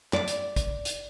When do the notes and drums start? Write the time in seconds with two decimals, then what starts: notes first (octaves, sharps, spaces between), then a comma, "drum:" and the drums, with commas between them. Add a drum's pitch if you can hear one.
0.13 D5, drum: clap
0.28 drum: hi-hat
0.56 drum: kick, hi-hat
0.85 drum: hi-hat